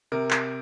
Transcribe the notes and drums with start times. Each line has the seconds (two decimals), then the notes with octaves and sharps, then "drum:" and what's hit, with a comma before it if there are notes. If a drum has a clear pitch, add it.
0.12 C3 A#4
0.31 drum: clap